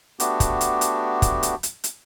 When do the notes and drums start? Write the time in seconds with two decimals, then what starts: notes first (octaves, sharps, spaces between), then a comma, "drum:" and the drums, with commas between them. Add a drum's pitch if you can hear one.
0.20 A3 B3 D4 F#4 G4, drum: hi-hat
0.40 drum: kick, hi-hat
0.61 drum: hi-hat
0.81 drum: hi-hat
1.22 drum: kick, hi-hat
1.43 drum: hi-hat
1.63 drum: hi-hat
1.84 drum: hi-hat